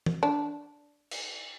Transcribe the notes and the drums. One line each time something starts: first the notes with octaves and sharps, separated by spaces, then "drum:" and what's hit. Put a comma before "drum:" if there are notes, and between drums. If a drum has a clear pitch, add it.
drum: tom
D4
drum: cymbal